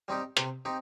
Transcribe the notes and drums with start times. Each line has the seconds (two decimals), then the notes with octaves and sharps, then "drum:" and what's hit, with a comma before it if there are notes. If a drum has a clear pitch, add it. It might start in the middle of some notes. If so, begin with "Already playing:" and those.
0.08 G3 C4 D#4 G4
0.37 C3, drum: hi-hat
0.65 C4 D#4 G4